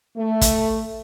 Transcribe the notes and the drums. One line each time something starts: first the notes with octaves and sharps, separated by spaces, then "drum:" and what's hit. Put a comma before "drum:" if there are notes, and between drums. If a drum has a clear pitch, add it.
A3
drum: kick, hi-hat